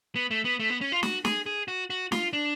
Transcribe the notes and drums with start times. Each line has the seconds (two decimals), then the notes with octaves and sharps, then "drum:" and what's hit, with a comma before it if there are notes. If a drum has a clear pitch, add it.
0.16 B3
0.31 A3
0.45 B3
0.60 A3
0.70 B3
0.81 C#4
0.92 F4
1.03 F#4, drum: snare
1.25 G#4, drum: snare
1.46 G#4
1.68 F#4
1.90 F#4
2.12 F4, drum: snare
2.33 D4